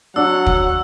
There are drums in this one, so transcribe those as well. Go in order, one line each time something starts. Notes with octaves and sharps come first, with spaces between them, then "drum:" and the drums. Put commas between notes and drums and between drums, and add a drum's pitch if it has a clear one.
F#3 D4 F#5 E6
drum: kick